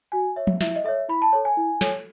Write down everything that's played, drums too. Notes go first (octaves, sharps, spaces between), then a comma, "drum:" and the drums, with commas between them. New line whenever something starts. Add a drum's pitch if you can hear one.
F#4 G#5
C#5 E5
drum: tom F3
E4 E5, drum: snare
D#5
A4 C#5 E5
E4 B5
A5
A4 C#5
G#5
E4
A4 C#5, drum: snare